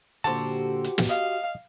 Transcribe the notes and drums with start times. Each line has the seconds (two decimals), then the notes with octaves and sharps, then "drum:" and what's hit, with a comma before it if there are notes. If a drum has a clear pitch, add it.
0.24 A#2 D3 F#4 G4 A4 C5 A5
0.84 drum: hi-hat
0.98 drum: snare
1.09 D#5 F5